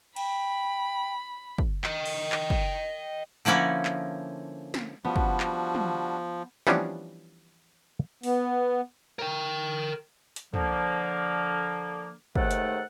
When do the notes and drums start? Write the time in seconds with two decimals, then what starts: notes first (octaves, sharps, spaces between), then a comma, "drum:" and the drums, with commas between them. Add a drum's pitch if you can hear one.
0.16 G5 B5, drum: cymbal
1.58 drum: kick
1.84 D#5 G5, drum: clap
2.06 drum: cymbal
2.32 drum: clap
2.50 drum: kick
3.45 D3 F3 A#3 C#4 E4
3.85 drum: clap
4.74 drum: snare
5.05 F3 G3 B3 D4 F#4
5.16 drum: kick
5.40 drum: clap
5.75 drum: tom
6.67 E3 F3 G3 B3 C#4 D4, drum: snare
8.23 B3, drum: open hi-hat
9.19 A#4 G5
10.36 drum: hi-hat
10.54 D3 F3 A#3, drum: tom
12.36 D#2 G#2 A3 A4 F#5, drum: kick
12.51 drum: hi-hat